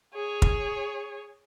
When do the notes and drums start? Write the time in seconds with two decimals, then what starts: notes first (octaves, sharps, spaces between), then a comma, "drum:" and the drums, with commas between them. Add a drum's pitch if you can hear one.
0.14 G#4 C#5
0.42 drum: kick